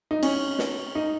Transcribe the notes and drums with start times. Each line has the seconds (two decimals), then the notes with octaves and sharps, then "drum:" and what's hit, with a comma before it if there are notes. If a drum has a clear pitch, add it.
0.11 D#4
0.23 C#4, drum: cymbal
0.59 drum: snare
0.95 D#4